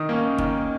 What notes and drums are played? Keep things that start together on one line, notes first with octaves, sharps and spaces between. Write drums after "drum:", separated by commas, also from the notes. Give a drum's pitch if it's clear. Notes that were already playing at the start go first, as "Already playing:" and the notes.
Already playing: D#3 D#6
A#3 C#4
D#3, drum: kick